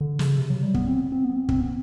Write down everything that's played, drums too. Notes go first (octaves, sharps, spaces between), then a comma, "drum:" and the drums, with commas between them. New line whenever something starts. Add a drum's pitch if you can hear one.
D3
C#3, drum: snare
C3
F#3
G3
B3, drum: kick
C4
C4
B3
C4
C4, drum: kick
B3